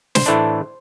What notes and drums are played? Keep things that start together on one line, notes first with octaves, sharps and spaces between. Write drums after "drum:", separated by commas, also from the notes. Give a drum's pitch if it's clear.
C5, drum: snare
A2 E3 A3 D4